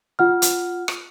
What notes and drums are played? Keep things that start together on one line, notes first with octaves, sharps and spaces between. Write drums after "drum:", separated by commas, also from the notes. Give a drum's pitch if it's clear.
F4 F#5 F6
drum: hi-hat
drum: rim click